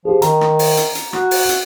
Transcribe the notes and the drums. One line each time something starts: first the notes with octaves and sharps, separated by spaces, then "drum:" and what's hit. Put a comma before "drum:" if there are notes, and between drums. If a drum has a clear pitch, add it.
F3 G4 G#4
D#3 A#5, drum: hi-hat
drum: rim click
drum: open hi-hat
drum: hi-hat
drum: hi-hat
F#4, drum: rim click
drum: open hi-hat
drum: hi-hat